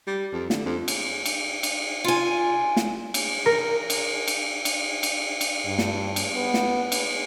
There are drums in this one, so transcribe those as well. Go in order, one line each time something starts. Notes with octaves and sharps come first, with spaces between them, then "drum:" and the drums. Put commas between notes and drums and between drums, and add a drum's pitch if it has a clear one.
G3
F2
D3, drum: snare
F2
drum: cymbal
drum: cymbal
drum: cymbal
F4 G#5
drum: snare
drum: cymbal
A#4
drum: cymbal
drum: cymbal
drum: cymbal
drum: cymbal
drum: cymbal
G2
drum: snare
drum: cymbal
B3
drum: snare
drum: cymbal